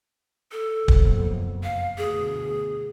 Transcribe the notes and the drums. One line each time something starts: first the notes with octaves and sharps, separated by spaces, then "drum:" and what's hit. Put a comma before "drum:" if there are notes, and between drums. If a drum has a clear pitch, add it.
A4
F#1 F2 B2, drum: kick
F5
D2 B2 G#4